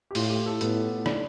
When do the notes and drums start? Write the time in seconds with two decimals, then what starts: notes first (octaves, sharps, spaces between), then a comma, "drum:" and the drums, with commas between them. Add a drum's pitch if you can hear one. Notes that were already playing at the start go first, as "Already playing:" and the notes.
0.11 G4
0.15 A2 F4, drum: open hi-hat
0.30 G4
0.46 A4
0.61 A2 B3, drum: hi-hat
1.06 D4, drum: rim click